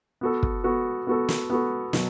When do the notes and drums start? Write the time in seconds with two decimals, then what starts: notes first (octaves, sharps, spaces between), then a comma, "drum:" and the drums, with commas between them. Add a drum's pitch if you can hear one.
0.21 B3 F#4 A4
0.43 drum: kick
0.64 B3 F#4 A4
1.07 B3 F#4 A4
1.29 drum: snare
1.50 B3 F#4 A4
1.93 B2 F#3, drum: snare